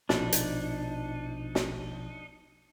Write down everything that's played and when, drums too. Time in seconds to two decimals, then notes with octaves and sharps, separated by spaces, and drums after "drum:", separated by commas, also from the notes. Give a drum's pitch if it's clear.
0.09 A#1 B2 F3 D4 D#4, drum: snare
0.32 drum: hi-hat
1.55 drum: snare